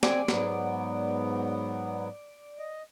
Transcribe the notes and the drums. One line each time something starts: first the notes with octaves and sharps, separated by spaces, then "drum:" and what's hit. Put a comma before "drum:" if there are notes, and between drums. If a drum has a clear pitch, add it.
C4 D5 G#5, drum: snare
G#2 F#3 B3, drum: snare
D#5